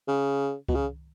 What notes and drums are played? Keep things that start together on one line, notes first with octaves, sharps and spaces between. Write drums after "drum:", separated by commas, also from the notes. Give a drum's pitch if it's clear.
C#3
B2, drum: kick C#2
C#3